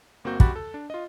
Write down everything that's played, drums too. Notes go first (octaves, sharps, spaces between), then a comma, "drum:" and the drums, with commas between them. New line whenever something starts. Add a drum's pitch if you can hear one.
G1 A#3 C4 F#4 G6
F#2 F#4 G4 B5 F#6 A6, drum: kick
A4
D4
F4 D#5